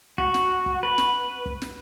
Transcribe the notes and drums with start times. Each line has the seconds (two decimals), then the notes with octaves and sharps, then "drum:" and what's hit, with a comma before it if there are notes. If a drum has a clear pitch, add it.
0.18 F#4, drum: kick
0.34 drum: snare
0.66 drum: kick
0.83 B4
0.98 drum: snare
1.46 drum: kick
1.62 drum: snare